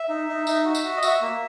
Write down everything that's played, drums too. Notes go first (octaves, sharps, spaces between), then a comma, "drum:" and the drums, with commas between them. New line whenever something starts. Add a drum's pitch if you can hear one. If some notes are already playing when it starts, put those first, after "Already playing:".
Already playing: E5
D#4
D#4
D#4, drum: tambourine
F#4
drum: tambourine
F#4
D#5
F#4 E5, drum: tambourine
A#3